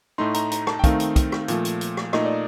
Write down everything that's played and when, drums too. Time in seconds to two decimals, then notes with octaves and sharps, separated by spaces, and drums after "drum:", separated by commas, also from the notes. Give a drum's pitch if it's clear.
0.18 A2 A3 D#4 C6
0.34 A#5, drum: hi-hat
0.52 A#5, drum: hi-hat
0.67 A5, drum: rim click
0.79 G5
0.84 D#3 A3 C4 D#4 F5, drum: kick, hi-hat
1.00 drum: hi-hat
1.16 drum: kick, hi-hat
1.32 drum: rim click
1.48 A#2 F3 A3, drum: hi-hat
1.65 drum: hi-hat
1.81 drum: hi-hat
1.97 drum: rim click
2.13 A#2 A3 D#4 D#5, drum: rim click
2.26 D5